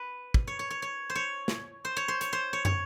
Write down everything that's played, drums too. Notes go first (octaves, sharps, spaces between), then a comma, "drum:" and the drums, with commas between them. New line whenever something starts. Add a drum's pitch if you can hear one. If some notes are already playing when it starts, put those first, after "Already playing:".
Already playing: B4
drum: kick
C#5
C#5
C#5
C#5
C5
C#5
drum: snare
C5
C#5
C5
C#5, drum: hi-hat
C5
C#5
C#5, drum: tom